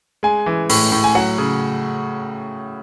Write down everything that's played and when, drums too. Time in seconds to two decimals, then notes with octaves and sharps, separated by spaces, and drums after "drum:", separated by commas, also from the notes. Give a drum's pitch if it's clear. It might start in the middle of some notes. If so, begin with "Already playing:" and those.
0.23 G#3 G#5
0.46 E3
0.70 A2, drum: open hi-hat
0.92 A2
1.04 G#5
1.15 F#3 F#5
1.38 C#3